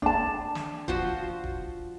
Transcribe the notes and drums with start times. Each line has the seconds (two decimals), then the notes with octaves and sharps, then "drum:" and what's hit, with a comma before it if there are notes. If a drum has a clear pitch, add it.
0.02 D4 A5, drum: kick D#1
0.55 drum: snare
0.88 F3 F#4 C5, drum: kick D#1
1.44 drum: kick D#1